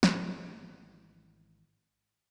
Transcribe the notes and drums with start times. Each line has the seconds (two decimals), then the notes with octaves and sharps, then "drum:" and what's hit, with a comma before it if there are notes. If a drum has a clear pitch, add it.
0.03 G#1 E3 G#3, drum: snare